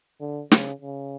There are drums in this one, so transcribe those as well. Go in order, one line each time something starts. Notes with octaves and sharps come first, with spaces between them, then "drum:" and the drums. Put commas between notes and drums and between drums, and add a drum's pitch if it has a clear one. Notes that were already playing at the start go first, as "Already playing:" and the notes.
D3
C#3, drum: snare
C#3